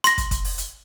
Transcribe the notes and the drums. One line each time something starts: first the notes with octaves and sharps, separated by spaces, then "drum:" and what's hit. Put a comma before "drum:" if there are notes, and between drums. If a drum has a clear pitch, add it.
C6 A#6, drum: hi-hat
drum: kick, hi-hat
drum: kick, hi-hat
drum: open hi-hat
drum: hi-hat